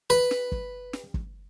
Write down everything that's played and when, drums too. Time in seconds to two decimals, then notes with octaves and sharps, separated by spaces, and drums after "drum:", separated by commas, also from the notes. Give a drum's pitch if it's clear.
0.10 B4
0.31 drum: snare
0.52 drum: kick G1
0.93 drum: snare
1.14 drum: kick G1